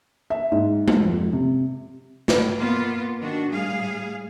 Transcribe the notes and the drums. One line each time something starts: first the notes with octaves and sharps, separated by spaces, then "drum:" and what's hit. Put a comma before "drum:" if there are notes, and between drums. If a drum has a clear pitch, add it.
E5
G#2
drum: tom G#3
F2
C3
drum: snare
A#3 B3 F4
D#3 D4 F#4
A2 G3 G#4 F5